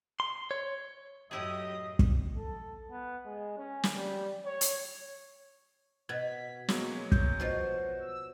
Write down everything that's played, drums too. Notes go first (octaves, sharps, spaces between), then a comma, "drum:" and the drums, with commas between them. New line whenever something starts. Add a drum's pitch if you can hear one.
C6
C#5
F#2 A2 F#3 E4 G4 G#4 D#5 D#6
drum: kick
A4
B3
G#3
C#4
drum: snare
G3
C#5
drum: hi-hat
B2 G#6 B6
F#3 G#3 A#3 B3 C#5, drum: snare
G6, drum: kick
B2 F3 F#4 C5
E6